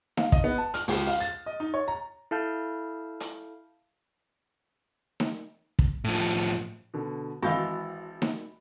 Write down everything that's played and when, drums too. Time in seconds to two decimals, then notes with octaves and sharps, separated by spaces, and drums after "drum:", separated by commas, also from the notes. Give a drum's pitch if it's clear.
0.17 F5, drum: snare D#4
0.32 D#5, drum: kick
0.44 B3
0.58 A5
0.74 F6, drum: hi-hat
0.88 C#2, drum: open hi-hat
1.07 F5
1.21 A6
1.46 D#5
1.60 D#4
1.74 C#5
1.88 A#5
2.31 E4 A4 F5 A5 F6 G6
3.20 drum: hi-hat
5.20 drum: snare D#4
5.79 drum: kick
6.04 A2 F3
6.94 B2 D3
7.43 G#1 E3 F#4 D#5 F5 B5 G6 G7
8.22 drum: snare D#4